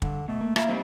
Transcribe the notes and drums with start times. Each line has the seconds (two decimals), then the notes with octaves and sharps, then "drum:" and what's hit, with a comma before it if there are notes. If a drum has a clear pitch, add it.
0.02 G2 D3, drum: kick
0.28 B2 A3
0.41 A#3
0.56 A#3 F4 E5, drum: rim click
0.68 G3 C4 D#4